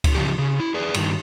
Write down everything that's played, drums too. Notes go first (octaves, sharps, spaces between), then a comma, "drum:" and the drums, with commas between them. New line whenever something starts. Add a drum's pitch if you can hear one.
drum: kick C#2, cymbal
C#3 F3 G4
C#3
E4
G#4 B4 D5
G2 D#3, drum: cymbal